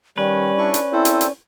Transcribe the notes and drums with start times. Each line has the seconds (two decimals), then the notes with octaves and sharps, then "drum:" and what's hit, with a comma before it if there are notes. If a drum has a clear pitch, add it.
0.18 D#3 G3 C#4 B4 D5
0.58 D4 E4 C#6
0.74 drum: hi-hat
0.93 C4 E4 A4 C5
1.05 drum: hi-hat
1.21 drum: hi-hat